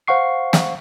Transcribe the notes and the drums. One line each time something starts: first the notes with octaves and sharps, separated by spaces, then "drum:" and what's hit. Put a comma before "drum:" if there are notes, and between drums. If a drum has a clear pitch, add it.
C5 F5 F#5 C#6 C7
drum: snare